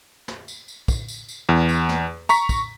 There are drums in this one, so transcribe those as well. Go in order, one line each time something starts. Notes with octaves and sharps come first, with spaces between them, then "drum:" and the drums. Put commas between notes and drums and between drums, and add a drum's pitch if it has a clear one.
drum: snare
drum: tambourine
drum: tambourine
drum: kick, tambourine
drum: tambourine
drum: tambourine
E2
drum: tambourine
drum: snare
A#5 C#6 B6, drum: tambourine
drum: kick, tambourine